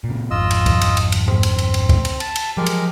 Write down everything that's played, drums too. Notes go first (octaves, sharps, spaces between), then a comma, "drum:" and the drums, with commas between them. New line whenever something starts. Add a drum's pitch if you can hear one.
A#2 C#3
G#1 F2 F4 D#5 E6
drum: cymbal
drum: kick C#2, cymbal
drum: cymbal
drum: cymbal
drum: cymbal
C4, drum: tom G#2
drum: cymbal
drum: cymbal
drum: cymbal
drum: kick C#2, cymbal
drum: cymbal
A5, drum: cymbal
drum: cymbal
F3 F#3 G#3 G4 A#4
drum: cymbal